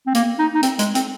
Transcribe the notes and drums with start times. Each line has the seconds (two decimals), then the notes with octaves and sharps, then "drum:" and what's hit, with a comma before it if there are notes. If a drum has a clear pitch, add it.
0.07 C4
0.15 A#3, drum: hi-hat
0.39 D#4
0.55 D#4
0.63 C4, drum: hi-hat
0.79 G#3, drum: hi-hat
0.95 C4, drum: hi-hat